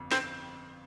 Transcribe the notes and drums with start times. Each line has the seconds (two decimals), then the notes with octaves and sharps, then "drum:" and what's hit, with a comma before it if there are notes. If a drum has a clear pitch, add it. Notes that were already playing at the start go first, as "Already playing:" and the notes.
Already playing: G1 F2
0.11 C4, drum: snare